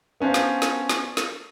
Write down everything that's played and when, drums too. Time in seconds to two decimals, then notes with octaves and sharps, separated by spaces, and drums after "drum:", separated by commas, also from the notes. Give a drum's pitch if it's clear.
0.21 B3 C#4 D4 C5 F5
0.34 drum: snare
0.62 drum: snare
0.89 drum: snare
1.17 drum: snare